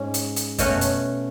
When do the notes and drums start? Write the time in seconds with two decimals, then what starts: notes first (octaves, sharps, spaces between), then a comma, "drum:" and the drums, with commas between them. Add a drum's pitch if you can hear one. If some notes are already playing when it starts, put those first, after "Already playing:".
Already playing: G#2 G#3 C#4
0.14 drum: hi-hat
0.36 drum: hi-hat
0.59 B2 A3 C#4 F#4 C#5, drum: kick F#2, hi-hat
0.81 drum: hi-hat